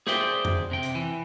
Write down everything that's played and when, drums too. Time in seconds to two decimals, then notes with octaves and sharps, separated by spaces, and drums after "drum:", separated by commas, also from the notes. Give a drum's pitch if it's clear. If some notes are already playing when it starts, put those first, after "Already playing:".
0.07 G#4 C5 D5 E5 G5, drum: snare
0.45 drum: tom F2
0.71 C3 G5
0.83 drum: hi-hat
0.95 E3